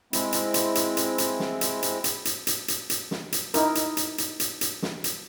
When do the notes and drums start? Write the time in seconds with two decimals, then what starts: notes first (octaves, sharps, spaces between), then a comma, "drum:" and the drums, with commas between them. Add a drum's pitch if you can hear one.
0.13 G#3 C4 E4, drum: hi-hat
0.33 drum: hi-hat
0.54 drum: hi-hat
0.75 drum: hi-hat
0.97 drum: hi-hat
1.18 drum: hi-hat
1.40 drum: snare
1.61 drum: hi-hat
1.82 drum: hi-hat
2.04 drum: hi-hat
2.25 drum: hi-hat
2.47 drum: hi-hat
2.68 drum: hi-hat
2.90 drum: hi-hat
3.11 drum: snare
3.32 drum: hi-hat
3.54 D#4 E4 A#4, drum: hi-hat
3.75 drum: hi-hat
3.97 drum: hi-hat
4.18 drum: hi-hat
4.40 drum: hi-hat
4.61 drum: hi-hat
4.82 drum: snare
5.04 drum: hi-hat